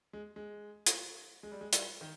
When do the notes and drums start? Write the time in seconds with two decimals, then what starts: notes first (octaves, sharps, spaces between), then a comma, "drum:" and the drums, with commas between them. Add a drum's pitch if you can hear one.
0.13 G#3
0.36 G#3
0.87 drum: hi-hat
1.43 G#3
1.52 G3
1.61 G#3
1.73 G3, drum: hi-hat
2.01 D#3